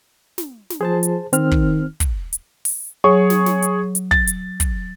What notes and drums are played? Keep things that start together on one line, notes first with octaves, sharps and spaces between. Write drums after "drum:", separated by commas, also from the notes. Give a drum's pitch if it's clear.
drum: snare
drum: snare
F3 G#4 C5 A5
drum: hi-hat
D#3 C4 F6, drum: hi-hat
drum: kick
drum: kick, hi-hat
drum: hi-hat
drum: open hi-hat
F#3 G#4 C#5 C#6
drum: snare
drum: snare
drum: hi-hat
drum: hi-hat
A6, drum: kick
drum: hi-hat
drum: kick, hi-hat